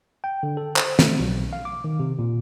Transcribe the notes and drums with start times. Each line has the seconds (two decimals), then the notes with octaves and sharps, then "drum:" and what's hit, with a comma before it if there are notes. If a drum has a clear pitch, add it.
0.24 G5
0.43 D3
0.57 A4
0.76 C5, drum: clap
0.99 A3, drum: snare
1.20 B1
1.53 F5
1.65 D6
1.84 D#3
2.00 C3
2.19 A#2